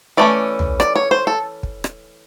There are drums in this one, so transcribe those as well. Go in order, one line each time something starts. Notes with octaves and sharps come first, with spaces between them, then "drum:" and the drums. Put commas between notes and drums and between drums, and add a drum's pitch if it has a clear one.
E3 A3 C#4 D5
drum: tom
D5, drum: rim click
C#5
C5
A4
drum: kick
drum: rim click